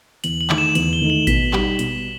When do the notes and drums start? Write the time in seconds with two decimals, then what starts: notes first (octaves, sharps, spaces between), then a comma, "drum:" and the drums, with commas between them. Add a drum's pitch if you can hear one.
0.24 E2 F#7, drum: hi-hat
0.41 F#7
0.50 D#3 A3 D#4, drum: clap
0.58 E7
0.75 E2 F#7, drum: hi-hat
0.93 G7
1.01 D#3 A3 D#4
1.10 F#7
1.27 B2 B6, drum: kick A1, hi-hat
1.53 G3 D#4, drum: clap
1.79 B2, drum: hi-hat